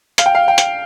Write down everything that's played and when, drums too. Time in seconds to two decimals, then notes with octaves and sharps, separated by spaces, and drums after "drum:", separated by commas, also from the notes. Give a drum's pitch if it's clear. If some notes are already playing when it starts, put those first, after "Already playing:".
0.18 F5, drum: hi-hat
0.26 G5
0.35 F5
0.48 G5
0.58 drum: hi-hat